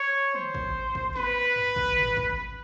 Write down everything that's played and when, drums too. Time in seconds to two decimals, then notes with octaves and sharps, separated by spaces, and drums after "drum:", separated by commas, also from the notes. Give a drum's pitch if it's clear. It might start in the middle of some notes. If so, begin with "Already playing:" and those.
Already playing: C#5
0.34 C5, drum: tom
0.54 drum: kick
0.95 drum: kick
1.16 B4, drum: snare
1.56 drum: tom
1.76 drum: kick
1.97 drum: tom
2.17 drum: kick